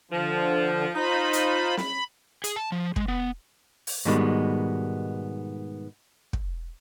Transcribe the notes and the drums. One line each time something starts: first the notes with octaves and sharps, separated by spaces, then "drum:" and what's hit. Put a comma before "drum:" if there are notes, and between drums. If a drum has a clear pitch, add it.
D3 F3
D#4 F4 C5 B5
drum: hi-hat
B5, drum: snare
G#4, drum: hi-hat
A5
F3
G#3, drum: kick
B3
drum: open hi-hat
G#2 B2 D#3 G3 G#3 B3
drum: kick